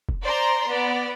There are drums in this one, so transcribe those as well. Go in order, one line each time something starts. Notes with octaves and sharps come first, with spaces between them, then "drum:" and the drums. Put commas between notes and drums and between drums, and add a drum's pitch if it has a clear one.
drum: kick
C5 D5 A#5 C6
B3 D5